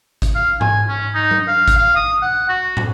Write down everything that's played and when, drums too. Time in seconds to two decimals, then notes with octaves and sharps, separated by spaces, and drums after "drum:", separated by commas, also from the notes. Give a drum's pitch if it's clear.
0.22 drum: kick G1, hi-hat
0.35 F5
0.61 G#5, drum: tom G#2
0.89 C#4
1.15 D#4
1.31 drum: tom F#3
1.48 F5
1.68 drum: kick G1, hi-hat
1.78 F5
1.96 D#6
2.22 F#5
2.49 F#4
2.77 drum: tom